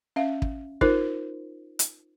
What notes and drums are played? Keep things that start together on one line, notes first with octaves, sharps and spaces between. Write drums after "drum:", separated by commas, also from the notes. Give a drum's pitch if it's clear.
C#4 E5 F5
drum: kick
D#4 F4 A#4 C5, drum: kick
drum: hi-hat